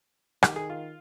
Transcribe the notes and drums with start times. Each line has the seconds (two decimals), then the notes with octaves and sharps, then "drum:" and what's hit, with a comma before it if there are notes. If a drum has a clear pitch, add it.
0.43 D#3 G4, drum: rim click
0.56 G#4
0.70 F4